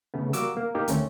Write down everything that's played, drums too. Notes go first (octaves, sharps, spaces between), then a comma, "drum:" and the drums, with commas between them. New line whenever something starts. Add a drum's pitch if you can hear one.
C#3 A3 B3
G3 A#3 F#4 D6 E6, drum: hi-hat
A#3
A#3 D#4 G4
D2 D#3 A3 C4 C#4, drum: hi-hat